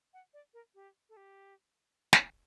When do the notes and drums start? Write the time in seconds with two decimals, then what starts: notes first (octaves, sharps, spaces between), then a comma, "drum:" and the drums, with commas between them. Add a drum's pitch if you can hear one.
0.14 F#5
0.34 D5
0.54 A#4
0.75 G4
1.09 A4
1.17 G4
2.13 drum: snare